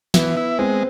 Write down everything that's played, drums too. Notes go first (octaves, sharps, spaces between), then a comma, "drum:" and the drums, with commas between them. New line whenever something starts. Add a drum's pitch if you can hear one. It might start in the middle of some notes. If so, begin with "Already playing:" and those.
E3 B3, drum: snare
E4
G#3 C4